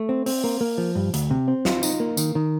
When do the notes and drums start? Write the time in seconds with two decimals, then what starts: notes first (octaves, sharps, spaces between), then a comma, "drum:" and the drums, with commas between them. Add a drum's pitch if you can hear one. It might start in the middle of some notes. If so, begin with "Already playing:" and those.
Already playing: A3
0.09 C4
0.26 C4, drum: open hi-hat
0.44 A#3
0.61 A#3
0.78 F3
0.95 G2
1.14 D2, drum: hi-hat
1.31 C3
1.48 C4
1.65 F4, drum: snare
1.83 D#4, drum: tambourine
2.00 A#3
2.17 D#3, drum: tambourine
2.35 D#3